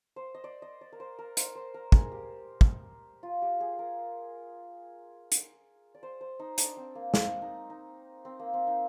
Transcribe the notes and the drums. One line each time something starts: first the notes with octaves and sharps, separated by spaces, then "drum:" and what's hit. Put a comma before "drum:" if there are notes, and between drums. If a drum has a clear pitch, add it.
C5
D#5
D5
D#5
D5
A#4
C5
A#4
C5, drum: hi-hat
C5
A#4
G#4, drum: kick
G4
drum: kick
F4
G4
G#4
A#4
drum: hi-hat
D5
C5
C5
D#4
D4, drum: hi-hat
C4
A#3
C4, drum: snare
D#4
D#4
C4
A#3
C4
D#4